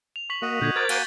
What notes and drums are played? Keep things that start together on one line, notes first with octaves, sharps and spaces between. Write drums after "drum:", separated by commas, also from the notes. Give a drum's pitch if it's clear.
F7
C#6 B6 F#7
A#3 F#4 D#5
A#2 D3 G6 G#6 B6
A#4 C5 D6 G#6 A6
A#3 F#4 G#5, drum: cymbal